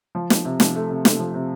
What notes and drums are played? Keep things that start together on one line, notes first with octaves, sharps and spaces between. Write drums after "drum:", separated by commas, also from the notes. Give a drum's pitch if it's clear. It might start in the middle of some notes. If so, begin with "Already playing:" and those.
F3
F3, drum: snare
C3
F3, drum: snare
A3
C3
A3, drum: snare
F3
C3